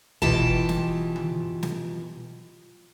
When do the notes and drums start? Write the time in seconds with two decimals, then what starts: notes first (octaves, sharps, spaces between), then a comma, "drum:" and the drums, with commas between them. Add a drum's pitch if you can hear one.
0.22 B2 E3 F4 G4 G5 A5, drum: kick
0.69 drum: snare
1.16 drum: tom D3
1.63 drum: snare